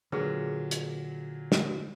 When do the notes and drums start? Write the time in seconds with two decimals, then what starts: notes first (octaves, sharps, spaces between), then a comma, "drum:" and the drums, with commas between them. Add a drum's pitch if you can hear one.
0.12 A#2 D3 F#3 G#4 B4
0.71 drum: hi-hat
1.52 drum: snare